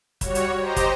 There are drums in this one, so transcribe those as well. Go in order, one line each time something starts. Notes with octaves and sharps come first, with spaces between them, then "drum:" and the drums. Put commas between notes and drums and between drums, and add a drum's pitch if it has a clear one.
G3 F#4 C#5, drum: kick, hi-hat
drum: hi-hat
G4 C5 D#5 A#5
drum: kick, hi-hat